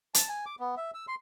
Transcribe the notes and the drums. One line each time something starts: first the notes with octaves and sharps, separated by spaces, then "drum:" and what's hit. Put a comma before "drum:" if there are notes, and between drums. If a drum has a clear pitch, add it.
A5, drum: hi-hat
G#5
D6
B3
E5
E6
C6